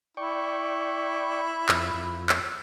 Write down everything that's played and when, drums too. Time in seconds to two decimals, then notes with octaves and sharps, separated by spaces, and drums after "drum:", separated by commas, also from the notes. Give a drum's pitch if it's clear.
0.17 E4 D5 G5 C#6
1.69 F2, drum: clap
1.94 F2
2.29 drum: clap